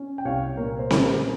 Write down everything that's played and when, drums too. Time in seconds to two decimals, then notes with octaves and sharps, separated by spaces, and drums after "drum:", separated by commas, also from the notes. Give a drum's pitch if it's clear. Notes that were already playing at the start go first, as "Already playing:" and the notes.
Already playing: C#4
0.18 G5
0.25 C2 C#5 F5
0.57 A#2 A#4 C#5
0.79 C5
0.91 C#4, drum: snare C4
1.01 A#4